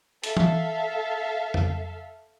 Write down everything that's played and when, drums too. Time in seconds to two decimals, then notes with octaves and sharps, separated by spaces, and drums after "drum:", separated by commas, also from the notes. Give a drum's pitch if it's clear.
0.24 A4 E5 F5, drum: hi-hat
0.37 drum: tom E3
1.54 drum: tom F2